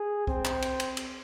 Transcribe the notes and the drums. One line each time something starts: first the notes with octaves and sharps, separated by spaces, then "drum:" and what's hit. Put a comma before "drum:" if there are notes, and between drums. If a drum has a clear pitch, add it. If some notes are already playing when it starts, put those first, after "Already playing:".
Already playing: G#4
C4, drum: kick
drum: clap
drum: cymbal
drum: cymbal
drum: cymbal